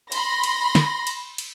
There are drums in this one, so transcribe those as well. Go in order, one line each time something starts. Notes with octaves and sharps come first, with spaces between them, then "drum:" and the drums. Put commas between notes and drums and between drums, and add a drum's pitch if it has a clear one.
B5 C6 A#6, drum: cymbal
drum: cymbal
drum: snare
drum: cymbal
drum: cymbal